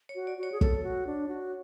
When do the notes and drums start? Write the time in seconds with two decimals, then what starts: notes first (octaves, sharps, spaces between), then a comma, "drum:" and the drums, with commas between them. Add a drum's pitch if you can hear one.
0.09 C#5
0.15 F#4
0.27 D5
0.38 F#4
0.43 C#5
0.52 G#4
0.61 A4 C#5, drum: kick
0.84 F#4
1.07 D4
1.28 F#4